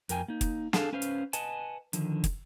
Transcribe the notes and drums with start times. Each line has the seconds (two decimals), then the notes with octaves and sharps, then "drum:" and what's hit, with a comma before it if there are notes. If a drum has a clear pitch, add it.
0.09 F2 A#4 G5 G#5, drum: hi-hat
0.28 A#3 D#4
0.41 drum: kick, hi-hat
0.73 D4 G#4 A4 F5, drum: snare
0.93 C#4 B4 C5 F5
1.02 drum: hi-hat
1.33 B4 D#5 F#5 G#5 A5, drum: hi-hat
1.93 D3 D#3 F3, drum: hi-hat
2.24 drum: kick, hi-hat